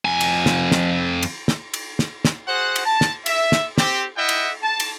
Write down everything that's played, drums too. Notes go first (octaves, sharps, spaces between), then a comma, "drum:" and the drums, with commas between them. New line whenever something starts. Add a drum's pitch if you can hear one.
F2 G#5
drum: cymbal
drum: snare
drum: snare
drum: cymbal
drum: snare
drum: cymbal
drum: snare
drum: snare
F#4 G#4 C5 F#5
drum: cymbal
A5
drum: snare
E5, drum: cymbal
drum: snare
C4 G4, drum: snare
E4 D#5 E5 F#5 G5
drum: cymbal
A5
drum: cymbal